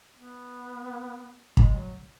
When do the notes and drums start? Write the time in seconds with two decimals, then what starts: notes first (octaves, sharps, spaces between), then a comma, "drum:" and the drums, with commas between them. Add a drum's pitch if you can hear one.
0.16 B3
1.57 G#3, drum: kick
1.75 F#3